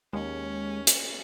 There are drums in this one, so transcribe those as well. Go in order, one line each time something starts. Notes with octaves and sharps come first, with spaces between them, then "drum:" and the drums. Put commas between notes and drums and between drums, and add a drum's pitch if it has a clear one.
D#2 G#3 C#4
drum: hi-hat